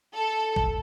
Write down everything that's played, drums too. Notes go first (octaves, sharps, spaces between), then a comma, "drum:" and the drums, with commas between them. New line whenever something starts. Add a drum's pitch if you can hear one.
A4
drum: kick